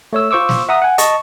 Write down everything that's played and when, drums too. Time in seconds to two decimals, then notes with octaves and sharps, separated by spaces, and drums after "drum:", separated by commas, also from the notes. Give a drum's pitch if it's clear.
0.13 A3 C#5 E6
0.31 F4 C5 C#6 D6 E6
0.49 drum: snare
0.69 E5 F#5 A#5 D#6
0.82 F#5 G#5
0.98 D#5 A5 C#6, drum: hi-hat